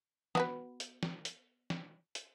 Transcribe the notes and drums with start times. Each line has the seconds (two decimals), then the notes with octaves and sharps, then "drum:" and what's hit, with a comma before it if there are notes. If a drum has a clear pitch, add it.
0.35 B3 F#4 B4, drum: snare
0.80 drum: hi-hat
1.03 drum: snare
1.25 drum: hi-hat
1.70 drum: snare
2.15 drum: hi-hat